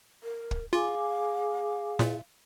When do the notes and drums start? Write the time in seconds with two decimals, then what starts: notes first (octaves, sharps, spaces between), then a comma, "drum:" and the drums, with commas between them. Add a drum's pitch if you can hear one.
0.23 A#4
0.51 drum: kick
0.73 F4 G#4 F5 G#5 D6
1.99 A#2, drum: snare E4